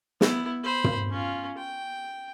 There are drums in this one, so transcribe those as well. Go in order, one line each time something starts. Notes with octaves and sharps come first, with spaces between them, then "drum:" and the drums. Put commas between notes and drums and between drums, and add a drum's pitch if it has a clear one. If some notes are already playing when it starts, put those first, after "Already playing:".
B3 E4, drum: snare
C5 B5
drum: tom
C#4 F4
G5